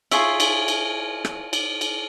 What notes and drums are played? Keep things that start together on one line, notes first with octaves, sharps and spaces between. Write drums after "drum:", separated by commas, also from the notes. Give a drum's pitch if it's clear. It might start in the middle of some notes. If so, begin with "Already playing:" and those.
F4 G#4 C#5 E5, drum: cymbal
drum: cymbal
drum: cymbal
drum: rim click
drum: cymbal
drum: cymbal